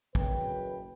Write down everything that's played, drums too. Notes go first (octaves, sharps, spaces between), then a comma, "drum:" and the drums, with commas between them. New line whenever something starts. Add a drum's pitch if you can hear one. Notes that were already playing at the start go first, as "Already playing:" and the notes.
F#1 B4 G5, drum: kick